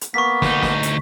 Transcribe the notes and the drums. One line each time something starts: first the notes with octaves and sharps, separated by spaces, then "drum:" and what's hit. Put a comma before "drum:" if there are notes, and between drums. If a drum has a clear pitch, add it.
drum: hi-hat
A#3 B3 C#6 B6
D2 D#4, drum: snare
drum: snare
drum: hi-hat